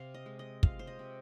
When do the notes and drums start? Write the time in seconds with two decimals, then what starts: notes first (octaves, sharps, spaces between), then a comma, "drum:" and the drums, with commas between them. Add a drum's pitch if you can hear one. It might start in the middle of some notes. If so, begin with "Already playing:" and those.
Already playing: C3 C5 F5
0.14 D#5
0.26 G#3
0.39 D#5
0.63 F4 F5, drum: kick
0.79 C5
0.87 D#5
0.99 C3